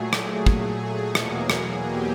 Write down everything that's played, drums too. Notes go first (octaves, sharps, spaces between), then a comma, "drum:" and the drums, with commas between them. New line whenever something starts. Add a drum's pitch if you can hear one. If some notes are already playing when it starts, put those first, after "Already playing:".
Already playing: A#2 F#3 A3 G#4
G#4, drum: rim click
drum: kick
G#4
E2 B2 F#3 A#3, drum: rim click
drum: rim click
G4